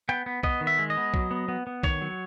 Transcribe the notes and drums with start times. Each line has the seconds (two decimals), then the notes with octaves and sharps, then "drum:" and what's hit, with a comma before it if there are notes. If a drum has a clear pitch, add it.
0.09 B3 G5
0.26 B3
0.43 B3 D#5, drum: kick B1
0.61 D#3
0.67 E5
0.79 G#3
0.90 D#5
0.97 B3
1.14 F#3, drum: kick B1
1.31 B3
1.48 B3
1.67 B3
1.83 D#3 C#5, drum: kick B1
2.01 F#3